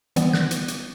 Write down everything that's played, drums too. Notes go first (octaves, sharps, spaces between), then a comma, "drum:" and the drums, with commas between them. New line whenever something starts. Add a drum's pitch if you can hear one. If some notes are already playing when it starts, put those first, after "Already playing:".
E3 G3 B3, drum: hi-hat
F#6, drum: snare
drum: hi-hat
drum: hi-hat